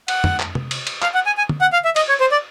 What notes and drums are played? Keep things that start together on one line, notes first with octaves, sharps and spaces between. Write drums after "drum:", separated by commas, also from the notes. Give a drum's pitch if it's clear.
F#5, drum: cymbal
drum: tom
drum: clap
drum: tom C3
drum: cymbal
drum: cymbal
F5, drum: clap
F#5
G#5
G#5
drum: tom
F#5
F5
E5
D#5, drum: cymbal
C#5
C5
D5